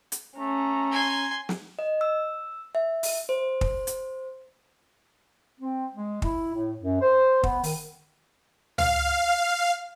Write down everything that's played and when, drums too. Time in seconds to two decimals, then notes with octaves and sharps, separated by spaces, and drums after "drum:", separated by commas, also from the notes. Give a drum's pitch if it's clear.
0.12 drum: hi-hat
0.39 A3 C#4 A#5
0.92 G#5 C6
1.49 drum: snare
1.79 D#5
2.01 E6
2.75 E5
3.03 drum: open hi-hat
3.29 C5
3.61 drum: kick
3.87 drum: hi-hat
5.60 C4
5.94 G#3
6.22 E4, drum: kick
6.54 A2
6.81 F#2
7.01 C5
7.43 B3, drum: kick
7.63 D#3, drum: open hi-hat
8.78 F5, drum: tom C#2